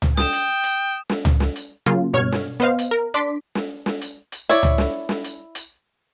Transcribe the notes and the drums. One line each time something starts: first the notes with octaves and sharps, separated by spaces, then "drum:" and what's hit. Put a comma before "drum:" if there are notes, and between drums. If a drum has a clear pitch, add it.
drum: tom C#2
G5 D#6 E7, drum: snare
drum: hi-hat
drum: hi-hat
drum: snare
drum: tom C#2
drum: snare
drum: hi-hat
C#3 F#3 A#3 C#4 F4
G2 B2 C#5 F6 G#6
drum: snare
B3 B4 C5 D#5 F5
drum: hi-hat
A#4
D4 D5 C6 D6 B6
drum: snare
drum: snare
drum: hi-hat
drum: hi-hat
E4 C#5 D5
drum: tom C#2
drum: snare
drum: snare
drum: hi-hat
drum: hi-hat